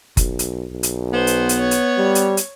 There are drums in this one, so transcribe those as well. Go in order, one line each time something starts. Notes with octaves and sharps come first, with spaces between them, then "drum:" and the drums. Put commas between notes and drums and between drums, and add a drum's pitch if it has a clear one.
B1, drum: kick F#1, hi-hat
drum: hi-hat
B1
drum: hi-hat
B3 C5
drum: hi-hat
drum: hi-hat
C#5
drum: hi-hat
G3
drum: hi-hat
drum: hi-hat